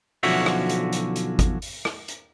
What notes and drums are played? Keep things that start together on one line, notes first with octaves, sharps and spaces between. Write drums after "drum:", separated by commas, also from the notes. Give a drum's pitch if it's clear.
B1 D3 F3 C#4 F#4 E5, drum: open hi-hat
drum: rim click
drum: hi-hat
drum: hi-hat
drum: hi-hat
drum: kick G#1, hi-hat
drum: open hi-hat
drum: rim click
drum: hi-hat